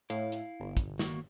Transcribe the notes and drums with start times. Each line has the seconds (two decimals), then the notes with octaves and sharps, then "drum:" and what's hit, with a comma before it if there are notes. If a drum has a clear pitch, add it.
0.10 A2 E4 F5, drum: hi-hat
0.32 drum: hi-hat
0.60 G1
0.77 drum: kick, hi-hat
0.99 D#3 A#3 F#4, drum: snare